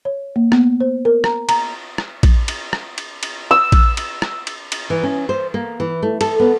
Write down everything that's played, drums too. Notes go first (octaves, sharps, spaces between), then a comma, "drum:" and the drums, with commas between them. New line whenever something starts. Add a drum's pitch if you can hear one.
C#5
A#3
B3, drum: rim click
C5
A#4
A#5, drum: rim click
A#5, drum: cymbal
drum: rim click
drum: kick A#1, cymbal
drum: cymbal
drum: rim click
drum: cymbal
drum: cymbal
E6
drum: kick A#1, cymbal
drum: cymbal
drum: rim click
drum: cymbal
drum: cymbal
E3
C#4
C5
A#3
E3
A3
A4, drum: cymbal
B3